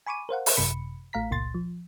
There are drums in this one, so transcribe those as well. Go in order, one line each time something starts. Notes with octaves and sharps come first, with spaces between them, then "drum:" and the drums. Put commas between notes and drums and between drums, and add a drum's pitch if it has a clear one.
G#5 B5 C#6 D6 D#7
A#4 C5 F5 F#5
drum: open hi-hat
G#1 F#2 C3 B5 C#7
A1 A3 F5 A#5 B6
G1 C#2 A#2 C6 A6
F3